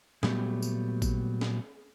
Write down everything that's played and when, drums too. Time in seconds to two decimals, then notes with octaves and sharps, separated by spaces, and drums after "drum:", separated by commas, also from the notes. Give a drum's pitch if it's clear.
0.23 A#2 F#3 G3 A3 B3 G4, drum: snare
0.62 drum: tambourine
1.02 drum: kick A1, tambourine
1.41 drum: snare